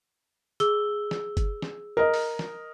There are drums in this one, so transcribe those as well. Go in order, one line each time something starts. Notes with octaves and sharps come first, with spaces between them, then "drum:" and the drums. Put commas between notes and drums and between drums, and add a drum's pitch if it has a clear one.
G#4 E6 G7, drum: hi-hat
drum: snare
drum: kick G1, hi-hat
drum: snare
A#4 D#5
drum: open hi-hat
drum: snare